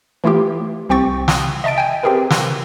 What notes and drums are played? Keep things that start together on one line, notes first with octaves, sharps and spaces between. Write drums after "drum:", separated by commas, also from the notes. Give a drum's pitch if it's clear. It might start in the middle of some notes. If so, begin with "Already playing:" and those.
E3 A3 E4 F4 G4
C2 C4 G4 G5 C#6 A6
G5 D#6, drum: snare
D#5 E5 A5 A6 D7
G5 G#5
C4 G4 G#4 A#4 B4
drum: snare